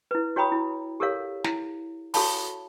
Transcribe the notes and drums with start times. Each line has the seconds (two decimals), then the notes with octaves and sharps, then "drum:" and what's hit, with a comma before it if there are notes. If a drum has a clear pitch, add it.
0.11 E4 B4
0.36 F#4 C#5 G5 A#5 B5 D#6
0.52 E4
1.00 G4 A4 A#4 C#5 F5
1.44 E4, drum: snare
2.14 F#4 A4 C#5 F5 A5 B5, drum: open hi-hat